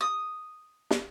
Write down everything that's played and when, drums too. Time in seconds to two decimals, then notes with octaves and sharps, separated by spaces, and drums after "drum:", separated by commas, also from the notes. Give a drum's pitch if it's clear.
0.01 D#6
0.91 drum: snare